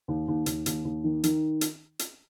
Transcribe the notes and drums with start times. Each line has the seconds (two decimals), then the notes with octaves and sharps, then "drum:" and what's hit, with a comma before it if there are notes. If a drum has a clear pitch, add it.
0.08 D#2
0.28 D#2
0.46 D#2, drum: hi-hat
0.66 D#2, drum: hi-hat
0.85 D#2
1.04 D#3
1.24 D#3, drum: hi-hat
1.61 drum: hi-hat
1.99 drum: hi-hat